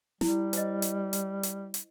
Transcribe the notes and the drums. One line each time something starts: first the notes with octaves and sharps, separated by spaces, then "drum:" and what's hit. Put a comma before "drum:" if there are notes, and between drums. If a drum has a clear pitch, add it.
G3 E4, drum: snare
C5 D#5, drum: hi-hat
drum: hi-hat
drum: hi-hat
drum: hi-hat
drum: hi-hat